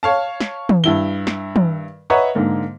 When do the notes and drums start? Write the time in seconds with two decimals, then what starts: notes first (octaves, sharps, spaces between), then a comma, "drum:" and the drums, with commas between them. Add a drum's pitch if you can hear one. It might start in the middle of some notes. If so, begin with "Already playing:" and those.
0.03 C#5 F5 A5
0.40 drum: snare
0.69 drum: tom
0.84 G2 E4 G7
1.27 drum: snare
1.56 drum: tom
2.10 B4 C#5 D#5 E5 F#5 A#5
2.35 G#2 D3 A#3